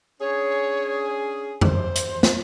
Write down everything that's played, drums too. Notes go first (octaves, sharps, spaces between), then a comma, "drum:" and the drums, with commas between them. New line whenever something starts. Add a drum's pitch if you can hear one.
C#4 D4 G#4 C#5
C5, drum: tom
drum: hi-hat
drum: snare